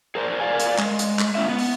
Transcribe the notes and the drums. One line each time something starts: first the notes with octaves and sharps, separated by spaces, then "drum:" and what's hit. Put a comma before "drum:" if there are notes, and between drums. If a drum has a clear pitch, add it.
G#4 A#4 C5 D5
A#4 D5 F5 G#5
drum: hi-hat
G#3, drum: clap
drum: hi-hat
drum: clap
A#3 C#4 E4 E5
B3
drum: open hi-hat